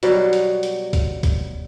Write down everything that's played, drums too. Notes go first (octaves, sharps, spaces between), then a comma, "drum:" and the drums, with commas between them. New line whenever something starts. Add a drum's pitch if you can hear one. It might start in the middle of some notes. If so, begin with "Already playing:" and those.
B2 F#3 G3, drum: hi-hat
drum: hi-hat
drum: hi-hat
drum: kick, hi-hat
drum: kick, hi-hat